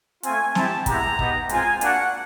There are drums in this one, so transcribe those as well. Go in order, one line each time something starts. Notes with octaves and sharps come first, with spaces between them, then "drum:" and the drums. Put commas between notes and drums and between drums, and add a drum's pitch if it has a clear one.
A3 C4 F4 G#5, drum: hi-hat
C4 E4 G4 A5, drum: snare
G#3 B3 E4 G4 A#5, drum: kick, hi-hat
B3 D#4 G4, drum: kick
G#3 C4 F4 G#5, drum: hi-hat
A#3 D4 F#4 F#5, drum: hi-hat